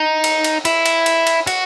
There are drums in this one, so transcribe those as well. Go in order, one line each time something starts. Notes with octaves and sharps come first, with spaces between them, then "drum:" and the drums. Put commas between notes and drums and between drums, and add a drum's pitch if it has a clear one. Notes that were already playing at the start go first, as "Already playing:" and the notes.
Already playing: D#4
drum: cymbal
drum: cymbal
E4, drum: cymbal
drum: cymbal
drum: cymbal
drum: cymbal
F#4, drum: cymbal